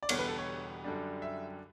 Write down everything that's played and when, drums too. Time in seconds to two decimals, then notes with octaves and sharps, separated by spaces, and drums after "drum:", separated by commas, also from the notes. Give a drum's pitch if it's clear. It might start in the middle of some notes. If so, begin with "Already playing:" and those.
0.03 D5
0.09 E1 E2 D3 G3 B3 C#5, drum: cymbal
0.19 B4
0.28 A4
0.38 C#5
0.84 F#2 D3 G3 D4
1.22 E5